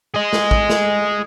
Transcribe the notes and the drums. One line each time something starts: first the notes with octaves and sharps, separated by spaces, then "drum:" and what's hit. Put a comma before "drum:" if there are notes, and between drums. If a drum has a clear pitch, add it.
G#4 D#5
drum: snare
drum: kick
drum: snare